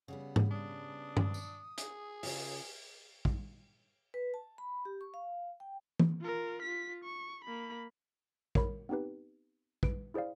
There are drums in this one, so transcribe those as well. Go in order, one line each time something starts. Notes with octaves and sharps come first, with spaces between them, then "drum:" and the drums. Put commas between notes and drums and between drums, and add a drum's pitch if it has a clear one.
C#3 G3 B3 F#5
drum: tom G#2
D4 D#6
drum: tom
drum: tambourine
G#4, drum: hi-hat
C#3 F4, drum: open hi-hat
drum: kick
B4
A5
B5
G4
C#6
F5
G5
drum: tom E3
F4 A#4
F4 B6
C#6
A#3 B5
A#4 C#5 B5, drum: kick
B3 C4 D#4 G4 B4
B4 D7, drum: kick
E4 G#4 C5 D5 F5